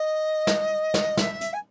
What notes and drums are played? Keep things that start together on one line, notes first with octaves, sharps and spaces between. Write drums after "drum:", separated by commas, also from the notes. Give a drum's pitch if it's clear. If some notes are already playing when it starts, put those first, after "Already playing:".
Already playing: D#5
drum: snare
drum: snare
E5, drum: snare
drum: hi-hat
G#5